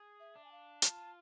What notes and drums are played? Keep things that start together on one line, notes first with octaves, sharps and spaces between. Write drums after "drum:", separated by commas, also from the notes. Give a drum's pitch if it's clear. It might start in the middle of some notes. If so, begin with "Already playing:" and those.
Already playing: G#4
E5
D4
G#5
F5
F4 A5, drum: hi-hat